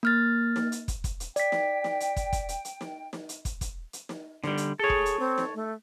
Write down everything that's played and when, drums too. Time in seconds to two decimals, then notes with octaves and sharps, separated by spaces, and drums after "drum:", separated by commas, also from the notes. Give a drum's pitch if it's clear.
0.03 A#3 F6 A6
0.56 drum: snare
0.72 drum: hi-hat
0.88 drum: kick, hi-hat
1.04 drum: kick, hi-hat
1.20 drum: hi-hat
1.36 D5 G5 B6, drum: hi-hat
1.52 drum: snare
1.84 drum: snare
2.00 drum: hi-hat
2.16 drum: kick, hi-hat
2.33 drum: kick, hi-hat
2.49 drum: hi-hat
2.65 drum: hi-hat
2.81 drum: snare
3.13 drum: snare
3.29 drum: hi-hat
3.45 drum: kick, hi-hat
3.61 drum: kick, hi-hat
3.93 drum: hi-hat
4.09 drum: snare
4.44 D3 G3, drum: snare
4.57 drum: hi-hat
4.79 G#4 A4 C#5
4.90 drum: kick
5.06 drum: hi-hat
5.20 C4
5.38 drum: snare
5.55 A3